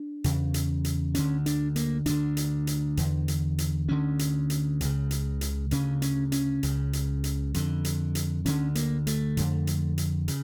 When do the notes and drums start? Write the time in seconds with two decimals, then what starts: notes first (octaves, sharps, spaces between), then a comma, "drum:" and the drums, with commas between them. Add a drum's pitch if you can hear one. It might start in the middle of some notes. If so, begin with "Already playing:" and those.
Already playing: D4
0.24 E2 C#3, drum: hi-hat
0.54 drum: hi-hat
0.85 drum: hi-hat
1.15 D2 D3 C#4, drum: hi-hat
1.46 D4, drum: hi-hat
1.76 A#3, drum: hi-hat
2.06 D2 D3 D4, drum: hi-hat
2.37 drum: hi-hat
2.67 drum: hi-hat
2.97 E2 D3, drum: hi-hat
3.28 drum: hi-hat
3.58 drum: hi-hat
3.88 D2 D3 C#4
4.19 drum: hi-hat
4.50 drum: hi-hat
4.81 C#2 C#3, drum: hi-hat
5.11 drum: hi-hat
5.41 drum: hi-hat
5.71 D2 C#3 C#4, drum: hi-hat
6.02 C#4, drum: hi-hat
6.32 C#4, drum: hi-hat
6.63 C#2 C#3, drum: hi-hat
6.93 drum: hi-hat
7.24 drum: hi-hat
7.54 F2 D3, drum: hi-hat
7.85 drum: hi-hat
8.15 drum: hi-hat
8.46 D2 D3 C#4, drum: hi-hat
8.75 A#3, drum: hi-hat
9.07 A3, drum: hi-hat
9.37 F2 D3, drum: hi-hat
9.67 drum: hi-hat
9.98 drum: hi-hat
10.28 C#3, drum: hi-hat